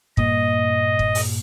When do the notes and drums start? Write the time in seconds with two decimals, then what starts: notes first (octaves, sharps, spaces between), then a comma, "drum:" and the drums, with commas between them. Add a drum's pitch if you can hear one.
0.17 G2 A#2 A#3 D#5, drum: kick
0.99 drum: kick
1.15 drum: open hi-hat